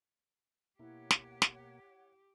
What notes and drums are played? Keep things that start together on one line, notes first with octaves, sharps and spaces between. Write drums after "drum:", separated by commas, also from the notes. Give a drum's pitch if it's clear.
B2 A#3 E4 G4 C#5 F#5
drum: snare
drum: snare